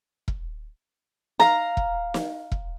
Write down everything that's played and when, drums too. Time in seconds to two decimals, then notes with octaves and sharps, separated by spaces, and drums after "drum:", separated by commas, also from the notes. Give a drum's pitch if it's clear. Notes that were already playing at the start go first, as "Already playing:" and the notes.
0.28 drum: kick E1
1.40 F5 A#5, drum: snare
1.77 drum: kick E1
2.14 drum: snare
2.52 drum: kick E1